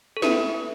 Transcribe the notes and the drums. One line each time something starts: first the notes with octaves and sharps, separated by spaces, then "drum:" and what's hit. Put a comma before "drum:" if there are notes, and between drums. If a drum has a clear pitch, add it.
A4
E4 B4, drum: snare